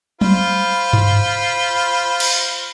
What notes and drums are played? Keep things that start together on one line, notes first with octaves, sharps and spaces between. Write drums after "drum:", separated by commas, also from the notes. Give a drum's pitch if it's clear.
F4 C5 B5, drum: tom
drum: tom G2
drum: cymbal